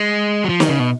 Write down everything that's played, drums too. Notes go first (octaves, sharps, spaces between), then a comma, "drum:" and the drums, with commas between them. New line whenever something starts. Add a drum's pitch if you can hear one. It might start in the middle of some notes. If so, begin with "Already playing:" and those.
Already playing: G#3
F#3
F3
D#3, drum: snare
C#3
B2